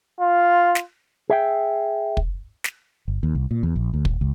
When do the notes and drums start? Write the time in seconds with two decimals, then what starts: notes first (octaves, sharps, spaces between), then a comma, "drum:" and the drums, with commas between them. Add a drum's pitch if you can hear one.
0.20 F4
0.75 drum: snare
1.30 G#4 E5 G5
2.17 drum: kick
2.64 drum: snare
3.08 G1
3.23 D#2
3.35 C2
3.51 A#2
3.63 E2
3.76 A#1
3.94 D2
4.05 D#1, drum: kick
4.21 C#2